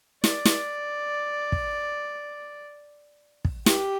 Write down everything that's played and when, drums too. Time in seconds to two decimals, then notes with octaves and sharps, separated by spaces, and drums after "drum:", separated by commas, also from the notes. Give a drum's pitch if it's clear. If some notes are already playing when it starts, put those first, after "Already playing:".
0.24 D5, drum: snare
0.45 drum: snare
1.52 drum: kick
3.45 drum: kick
3.66 G4, drum: snare